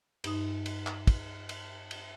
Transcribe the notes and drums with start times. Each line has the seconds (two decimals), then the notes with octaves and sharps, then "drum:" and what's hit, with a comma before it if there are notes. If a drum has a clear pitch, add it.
0.24 G2 D#4 D#6, drum: cymbal
0.66 drum: cymbal
0.87 drum: clap
1.07 drum: kick, cymbal
1.49 drum: cymbal
1.91 drum: cymbal